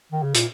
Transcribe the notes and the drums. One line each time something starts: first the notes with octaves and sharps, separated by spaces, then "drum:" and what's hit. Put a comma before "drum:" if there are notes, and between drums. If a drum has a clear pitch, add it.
D#3
C#3
A#2, drum: hi-hat